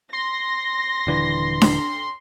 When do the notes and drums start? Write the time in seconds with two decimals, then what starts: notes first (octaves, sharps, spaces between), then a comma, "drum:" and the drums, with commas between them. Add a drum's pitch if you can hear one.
0.13 C6 A#6
1.07 D#1 D3 E3
1.61 drum: snare D4